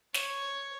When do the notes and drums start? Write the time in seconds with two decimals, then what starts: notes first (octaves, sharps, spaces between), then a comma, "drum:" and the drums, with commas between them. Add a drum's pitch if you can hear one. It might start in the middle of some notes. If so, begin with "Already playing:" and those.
0.14 C#5, drum: snare